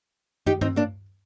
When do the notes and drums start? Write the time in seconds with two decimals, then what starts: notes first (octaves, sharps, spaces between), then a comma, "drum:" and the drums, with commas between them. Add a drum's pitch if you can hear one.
0.46 D#4 G4, drum: tom
0.61 C4 D#4, drum: tom G2
0.76 A#3 D4